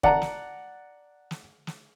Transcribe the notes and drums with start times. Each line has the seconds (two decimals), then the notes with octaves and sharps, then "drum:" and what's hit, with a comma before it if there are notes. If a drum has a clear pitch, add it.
0.03 D5 F#5 A5 A#5, drum: kick
0.22 drum: snare
1.31 drum: snare
1.67 drum: snare